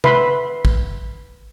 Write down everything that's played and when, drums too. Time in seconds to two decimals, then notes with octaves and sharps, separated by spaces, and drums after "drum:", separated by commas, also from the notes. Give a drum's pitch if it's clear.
0.04 B4 E5 B5 C6, drum: tom C3
0.65 drum: kick